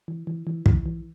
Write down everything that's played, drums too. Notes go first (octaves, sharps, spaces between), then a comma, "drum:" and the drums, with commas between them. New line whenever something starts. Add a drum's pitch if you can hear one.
E3
E3
E3
E3, drum: kick
E3